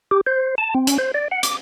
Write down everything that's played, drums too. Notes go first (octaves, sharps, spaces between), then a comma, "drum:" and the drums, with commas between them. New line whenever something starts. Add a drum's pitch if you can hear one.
G4
C5
A5
C4
C#4, drum: hi-hat
C5
D5
F#5
D6, drum: hi-hat